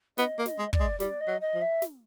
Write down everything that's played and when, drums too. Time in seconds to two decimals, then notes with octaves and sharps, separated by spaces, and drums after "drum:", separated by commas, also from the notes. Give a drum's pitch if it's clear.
0.18 B3 D#5, drum: snare
0.39 A#3
0.46 D#5, drum: snare
0.59 G#3
0.73 D5, drum: kick
0.80 G#3
1.00 G3 D5, drum: snare
1.20 D#5
1.28 F#3
1.41 D#5
1.54 F3
1.61 E5
1.82 drum: snare